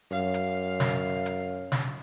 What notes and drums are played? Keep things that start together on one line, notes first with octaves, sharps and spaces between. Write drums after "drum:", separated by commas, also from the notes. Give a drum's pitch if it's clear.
F#2 F5
drum: hi-hat
drum: snare
drum: hi-hat
drum: snare